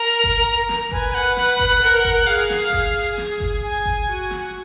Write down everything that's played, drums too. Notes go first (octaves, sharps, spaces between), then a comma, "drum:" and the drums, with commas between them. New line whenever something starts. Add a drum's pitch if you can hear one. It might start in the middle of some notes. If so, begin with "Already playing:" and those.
Already playing: A#4 A#5
drum: kick G1
drum: snare
B4 G#5, drum: kick G1
G#5
F#5
F#5, drum: snare
drum: kick G1
A#4
drum: kick G1
F#5
G#4 F5
drum: snare
G#4, drum: kick G1
drum: snare
drum: kick G1
G#5
drum: kick G1
F#4
drum: snare